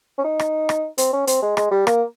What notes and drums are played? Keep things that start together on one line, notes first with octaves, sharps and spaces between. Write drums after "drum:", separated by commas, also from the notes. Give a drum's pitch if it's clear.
C#4
D#4
drum: rim click
drum: rim click
C4, drum: hi-hat
C#4
C4, drum: hi-hat
G#3
G#3, drum: rim click
G3
A#3, drum: rim click